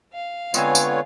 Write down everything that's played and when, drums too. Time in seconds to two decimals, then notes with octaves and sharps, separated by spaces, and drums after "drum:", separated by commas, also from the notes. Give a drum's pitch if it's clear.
0.13 F5
0.54 D3 G#3 B3 C4 F4 B4 C#5 G#5, drum: tambourine
0.75 drum: tambourine